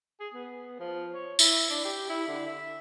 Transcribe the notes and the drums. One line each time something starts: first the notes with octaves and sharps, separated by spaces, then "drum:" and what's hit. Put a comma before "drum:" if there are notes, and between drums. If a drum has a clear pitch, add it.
G#4
B3
F3
C#5
E4, drum: tambourine
D4
G4
E4
D3
E5